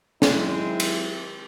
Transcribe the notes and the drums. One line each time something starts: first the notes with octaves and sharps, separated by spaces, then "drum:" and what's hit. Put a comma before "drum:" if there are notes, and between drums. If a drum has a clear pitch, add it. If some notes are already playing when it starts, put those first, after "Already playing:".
D#3 F#3 G#3 C4 E4, drum: snare
drum: cymbal